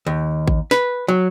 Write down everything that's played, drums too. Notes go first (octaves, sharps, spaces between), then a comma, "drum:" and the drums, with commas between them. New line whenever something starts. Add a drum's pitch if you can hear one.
D#2
drum: kick A1
B4, drum: snare
F#3